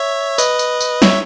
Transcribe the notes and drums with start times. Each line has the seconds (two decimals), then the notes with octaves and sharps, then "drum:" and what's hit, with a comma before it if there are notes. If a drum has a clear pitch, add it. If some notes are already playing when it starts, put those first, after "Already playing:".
Already playing: C#5 E5
0.38 B4 D#5, drum: tambourine
0.59 drum: tambourine
0.81 drum: tambourine
1.02 C#5 E5, drum: snare